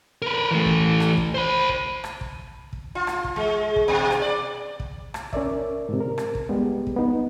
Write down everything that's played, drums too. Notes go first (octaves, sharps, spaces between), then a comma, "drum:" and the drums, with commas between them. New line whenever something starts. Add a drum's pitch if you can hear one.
A#4 B4
E3 A3
drum: kick
drum: rim click
drum: kick
C5 B5
drum: kick
drum: rim click
drum: kick
drum: kick
F4
drum: rim click
drum: kick
G#3
drum: kick
B2
drum: rim click
D5
drum: kick
drum: rim click
C#4 A#4 D5 E5, drum: kick
G#2 C3
A#4
drum: rim click
drum: kick
G3 G#3 B3
drum: kick
B3 D#4